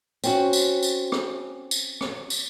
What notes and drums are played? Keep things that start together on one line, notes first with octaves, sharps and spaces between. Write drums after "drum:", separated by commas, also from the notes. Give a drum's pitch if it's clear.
C4 C#4 F#4, drum: tambourine
drum: tambourine
drum: tambourine
drum: rim click
drum: tambourine
drum: rim click
drum: tambourine